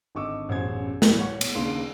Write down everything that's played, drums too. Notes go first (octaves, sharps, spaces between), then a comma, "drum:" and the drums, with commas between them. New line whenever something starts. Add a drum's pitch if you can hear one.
G#1 D3 D#5 C#6 D6 E6
E1 A1 F#2 C5 G#6
A2 E3 G3 A3 A#3, drum: snare
C#5 F#5 C#6
B2, drum: cymbal
D#2 C#3 A#3 D4 C6